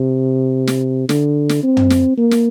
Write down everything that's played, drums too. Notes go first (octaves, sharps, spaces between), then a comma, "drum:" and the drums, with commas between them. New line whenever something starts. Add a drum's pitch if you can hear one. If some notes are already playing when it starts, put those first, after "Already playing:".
Already playing: C3
drum: snare
D3, drum: snare
drum: snare
C4
drum: tom
drum: snare
A#3
drum: snare